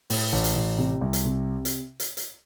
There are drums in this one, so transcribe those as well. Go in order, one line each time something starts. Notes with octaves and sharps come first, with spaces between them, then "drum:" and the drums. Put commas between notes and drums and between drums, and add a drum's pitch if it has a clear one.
A2, drum: open hi-hat
A1
drum: hi-hat
A1
C3
C2
drum: hi-hat
C3
drum: hi-hat
drum: hi-hat
drum: hi-hat